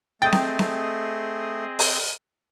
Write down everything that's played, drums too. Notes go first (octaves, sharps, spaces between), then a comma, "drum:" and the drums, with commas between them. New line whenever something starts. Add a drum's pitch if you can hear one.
A3 C4 G#4 D#5 G5 D#6 A6
drum: snare C4
drum: snare C4
drum: open hi-hat